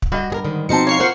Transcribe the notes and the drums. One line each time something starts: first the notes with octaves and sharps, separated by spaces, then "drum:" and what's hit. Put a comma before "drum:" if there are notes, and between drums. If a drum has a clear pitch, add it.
drum: kick
G3 F#4 D#5
G2 G#4 A#4
G#2 D3 D#3
B2 F3 C4 D#4 C5 A5 C#7
C#5 F5 C#6 C7
F4 A#4 C5 F#5